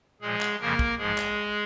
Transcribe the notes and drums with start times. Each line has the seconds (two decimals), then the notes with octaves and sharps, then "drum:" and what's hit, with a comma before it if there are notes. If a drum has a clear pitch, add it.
0.21 A#2 F3 G#3 G#4
0.41 drum: clap
0.60 F2 C#3 F3 A#3 A#4
0.79 drum: kick
0.98 G#2 F3 G#3 G#4
1.18 drum: clap